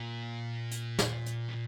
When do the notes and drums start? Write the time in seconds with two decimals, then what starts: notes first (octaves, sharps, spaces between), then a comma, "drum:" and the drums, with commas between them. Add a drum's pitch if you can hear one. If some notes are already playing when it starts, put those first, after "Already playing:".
Already playing: A#2
0.71 drum: hi-hat
0.99 drum: snare
1.26 drum: hi-hat
1.50 E3